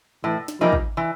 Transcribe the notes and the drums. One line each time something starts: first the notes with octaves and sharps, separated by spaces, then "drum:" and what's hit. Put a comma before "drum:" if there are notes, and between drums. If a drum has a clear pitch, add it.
A2 E3
drum: snare
E3 F3 G3 A#3 D#4
drum: kick
E3